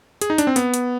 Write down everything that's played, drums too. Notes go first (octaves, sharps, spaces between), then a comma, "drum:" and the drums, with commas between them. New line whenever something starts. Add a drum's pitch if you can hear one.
G#4, drum: hi-hat
D#4
D4, drum: hi-hat
C4
B3, drum: hi-hat
drum: hi-hat